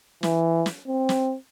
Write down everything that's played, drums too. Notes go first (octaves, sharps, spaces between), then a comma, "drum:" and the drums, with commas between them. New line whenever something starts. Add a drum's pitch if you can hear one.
E3, drum: snare
drum: snare
C4
drum: snare